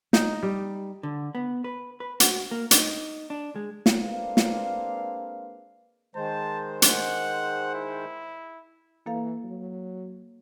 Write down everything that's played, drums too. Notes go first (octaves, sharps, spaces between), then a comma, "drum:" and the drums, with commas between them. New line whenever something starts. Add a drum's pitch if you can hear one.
D#4, drum: snare
G3
D3
B3
B4
B4
F#4, drum: hi-hat
A#3
D#4, drum: hi-hat
D4
G#3
drum: snare
G#3 A#3 C4 D4 B4 F5
drum: snare
D#3 G#3 C5 A5
F#5, drum: hi-hat
E4
E3 A#3 A4 F5
F#3